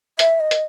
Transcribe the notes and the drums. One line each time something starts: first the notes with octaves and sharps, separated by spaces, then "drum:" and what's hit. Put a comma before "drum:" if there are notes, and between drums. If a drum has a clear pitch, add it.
E5, drum: hi-hat
D#5
drum: hi-hat